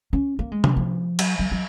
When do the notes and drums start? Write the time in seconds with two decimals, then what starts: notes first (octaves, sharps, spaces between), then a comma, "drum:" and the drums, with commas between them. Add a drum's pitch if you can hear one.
0.13 C#4
0.39 A#3
0.52 G#3
0.64 F#3, drum: tom C3
0.77 F3
1.19 F#3, drum: cymbal
1.39 F#3
1.52 F#3